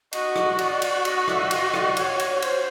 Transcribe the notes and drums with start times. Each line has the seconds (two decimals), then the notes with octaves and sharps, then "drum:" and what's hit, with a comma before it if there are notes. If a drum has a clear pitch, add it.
0.13 F#4 D#5, drum: cymbal
0.36 drum: rim click
0.58 D5, drum: cymbal
0.82 drum: cymbal
1.05 D#5, drum: cymbal
1.28 E5, drum: rim click
1.51 D#5, drum: cymbal
1.74 D5, drum: rim click
1.97 C#5, drum: cymbal
2.19 drum: cymbal
2.31 C#5
2.42 C5, drum: cymbal